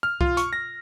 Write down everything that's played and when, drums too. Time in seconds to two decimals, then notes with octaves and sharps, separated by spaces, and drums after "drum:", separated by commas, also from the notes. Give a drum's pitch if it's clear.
0.03 F6
0.21 F4, drum: kick C2
0.37 C#6, drum: hi-hat
0.53 A#6